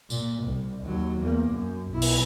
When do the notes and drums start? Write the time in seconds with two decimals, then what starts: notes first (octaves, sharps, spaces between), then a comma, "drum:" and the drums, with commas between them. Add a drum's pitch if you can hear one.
0.10 A#2, drum: tambourine
0.44 C2
0.84 D#2 F#3
1.21 E2 A#3
1.51 F#2
1.91 B1 E4
2.02 drum: open hi-hat